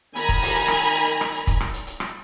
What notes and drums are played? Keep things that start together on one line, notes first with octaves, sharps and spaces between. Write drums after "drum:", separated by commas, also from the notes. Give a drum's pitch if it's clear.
D#3 G#5 A#5 B5, drum: hi-hat
drum: kick, hi-hat
drum: open hi-hat
drum: hi-hat
drum: rim click
drum: hi-hat
drum: hi-hat
drum: hi-hat
drum: rim click
drum: hi-hat
drum: kick, hi-hat
drum: rim click
drum: hi-hat
drum: hi-hat
drum: rim click